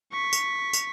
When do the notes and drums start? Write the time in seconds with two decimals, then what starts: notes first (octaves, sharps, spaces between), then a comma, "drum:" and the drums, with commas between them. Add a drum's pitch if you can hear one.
0.12 C#6 B6
0.33 drum: tambourine
0.73 drum: tambourine